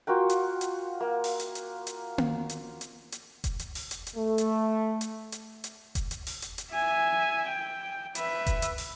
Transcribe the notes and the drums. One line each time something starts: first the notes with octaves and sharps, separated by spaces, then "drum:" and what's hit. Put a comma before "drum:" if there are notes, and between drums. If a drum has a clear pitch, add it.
F4 F#4 A#4 G5
drum: hi-hat
drum: hi-hat
A#3
drum: open hi-hat
drum: hi-hat
drum: hi-hat
drum: hi-hat
drum: tom A#3
drum: hi-hat
drum: hi-hat
drum: hi-hat
drum: kick F1, hi-hat
drum: hi-hat
drum: open hi-hat
drum: hi-hat
drum: hi-hat
A3
drum: hi-hat
drum: hi-hat
drum: hi-hat
drum: hi-hat
drum: kick F1, hi-hat
drum: hi-hat
drum: open hi-hat
drum: hi-hat
drum: hi-hat
E5 G#5
G5
B4 E5, drum: hi-hat
drum: kick F1, hi-hat
drum: hi-hat
drum: open hi-hat